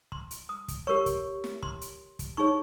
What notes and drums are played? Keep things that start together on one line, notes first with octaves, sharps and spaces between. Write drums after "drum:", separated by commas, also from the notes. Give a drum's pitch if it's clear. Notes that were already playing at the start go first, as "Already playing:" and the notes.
C6, drum: kick
drum: hi-hat
D#6
drum: kick, hi-hat
G4 A#4 C#5 C#6
drum: kick, hi-hat
drum: snare
C6, drum: kick
drum: hi-hat
drum: kick, hi-hat
D#4 G#4 C#5 C#6